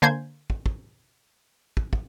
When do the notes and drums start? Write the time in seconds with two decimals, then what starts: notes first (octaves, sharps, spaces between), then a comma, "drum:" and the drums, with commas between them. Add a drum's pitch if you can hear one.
0.02 D3 A#3 C5 G#5 G6 G#6
0.50 drum: kick
0.66 drum: kick
1.77 drum: kick
1.93 drum: kick